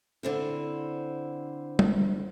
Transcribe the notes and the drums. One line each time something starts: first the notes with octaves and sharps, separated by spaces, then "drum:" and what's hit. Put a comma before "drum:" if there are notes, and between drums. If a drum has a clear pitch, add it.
D3 C4 E4
drum: tom G3